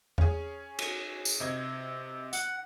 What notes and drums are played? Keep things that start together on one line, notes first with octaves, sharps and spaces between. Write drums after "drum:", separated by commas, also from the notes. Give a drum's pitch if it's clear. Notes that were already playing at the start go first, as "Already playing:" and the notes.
C#4 G#4, drum: tom E2
drum: cymbal
drum: tambourine
C3 D#5 G#6
F#5, drum: hi-hat